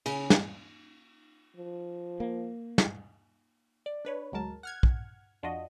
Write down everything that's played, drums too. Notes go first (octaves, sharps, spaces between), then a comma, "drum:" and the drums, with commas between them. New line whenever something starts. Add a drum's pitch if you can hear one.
C#3, drum: cymbal
drum: snare
F3
A#3
drum: snare
D5
D4 B4 C#5
G1 D2 F#3 G#3 A#4 A5
F#5 F6 G#6
drum: kick
F2 D4 F4 F#4 D#5